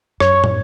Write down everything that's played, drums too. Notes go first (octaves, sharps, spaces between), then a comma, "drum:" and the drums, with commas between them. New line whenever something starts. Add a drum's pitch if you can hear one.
F#2 C#5, drum: rim click
drum: tom